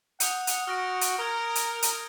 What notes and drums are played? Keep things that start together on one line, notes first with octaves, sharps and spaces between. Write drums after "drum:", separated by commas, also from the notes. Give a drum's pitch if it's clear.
F#5 D#6 G6 C#7, drum: hi-hat
drum: hi-hat
F#4 F6 A#6 D7
drum: hi-hat
A#4 D#6 F6 G#6
drum: hi-hat
drum: hi-hat